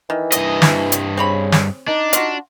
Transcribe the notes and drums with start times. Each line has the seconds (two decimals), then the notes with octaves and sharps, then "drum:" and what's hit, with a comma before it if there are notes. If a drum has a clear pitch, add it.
0.10 D#3 E3
0.32 G2 D#5, drum: hi-hat
0.62 drum: snare
0.92 drum: hi-hat
1.17 C#3 C4 C#5 B5
1.52 drum: snare
1.88 D4 D#4
2.13 F4 F#4, drum: hi-hat